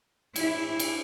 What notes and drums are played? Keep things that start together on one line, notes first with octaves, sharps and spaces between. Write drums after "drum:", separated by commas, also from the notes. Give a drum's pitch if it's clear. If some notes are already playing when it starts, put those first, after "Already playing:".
E4, drum: cymbal
drum: cymbal